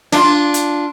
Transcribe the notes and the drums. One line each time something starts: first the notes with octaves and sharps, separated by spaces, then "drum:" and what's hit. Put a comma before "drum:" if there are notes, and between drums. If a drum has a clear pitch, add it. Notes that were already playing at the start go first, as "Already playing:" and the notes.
D4 F4, drum: snare
drum: hi-hat